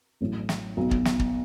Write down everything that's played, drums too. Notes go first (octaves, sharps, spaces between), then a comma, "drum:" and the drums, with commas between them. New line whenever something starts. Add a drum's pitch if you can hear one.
A1 A2 F#3 A3
drum: snare
B1 B2 F#3 B3
drum: kick
drum: snare
drum: kick